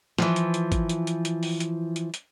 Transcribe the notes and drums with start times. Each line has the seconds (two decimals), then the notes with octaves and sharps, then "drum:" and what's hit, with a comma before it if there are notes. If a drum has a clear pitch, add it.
0.18 E3 F3, drum: snare
0.36 drum: hi-hat
0.54 drum: hi-hat
0.72 drum: kick G#1, hi-hat
0.89 drum: hi-hat
1.07 drum: hi-hat
1.25 drum: hi-hat
1.43 drum: open hi-hat
1.60 drum: hi-hat
1.96 drum: hi-hat
2.14 drum: hi-hat